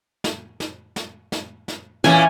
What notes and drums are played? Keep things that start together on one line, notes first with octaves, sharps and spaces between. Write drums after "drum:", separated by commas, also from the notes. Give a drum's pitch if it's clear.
drum: snare
drum: snare
drum: snare
drum: snare
drum: snare
A#2 E3 C#4 G#5, drum: snare